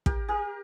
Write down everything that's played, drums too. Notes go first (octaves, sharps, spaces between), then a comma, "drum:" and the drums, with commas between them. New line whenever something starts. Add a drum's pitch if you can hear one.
G4 A#4, drum: kick
G4 A#4